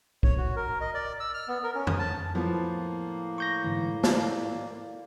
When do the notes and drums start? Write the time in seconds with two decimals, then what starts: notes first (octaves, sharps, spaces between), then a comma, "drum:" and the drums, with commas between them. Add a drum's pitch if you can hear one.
0.23 C#5, drum: kick
0.37 F#4
0.56 A#4
0.81 D#5
0.94 D5
1.20 E6
1.34 F6
1.48 B3
1.63 A#4
1.75 C#4
1.87 D#6, drum: tom F2
1.99 A5
2.35 A2 F3 A#3 B3
3.38 C#6 G6 A#6
3.64 G#2 D3 E3
4.03 D5 F5, drum: snare